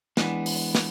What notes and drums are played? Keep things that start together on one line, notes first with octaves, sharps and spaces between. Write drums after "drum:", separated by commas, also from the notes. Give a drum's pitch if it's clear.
E3 G#3 B3 D4, drum: snare
drum: open hi-hat
drum: snare